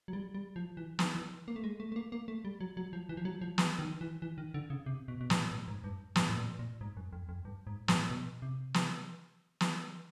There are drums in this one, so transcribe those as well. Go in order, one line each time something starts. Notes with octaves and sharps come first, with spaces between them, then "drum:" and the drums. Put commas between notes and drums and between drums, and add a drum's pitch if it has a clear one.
F#3
G3
G3
F3
E3
D#3, drum: snare
E3
A#3
A3
G#3
A3
A3
A#3
A#3
A3
G3
F#3
F#3
F3
E3
F3
F#3
F3
E3, drum: snare
D#3
E3
E3
D#3
D3
C#3
C3
B2
B2
A#2, drum: snare
A2
G#2
G2
A2, drum: snare
A2
A#2
A#2
G#2
F#2
F2
F2
G2
G#2
A2, drum: snare
B2
C3
drum: snare
drum: snare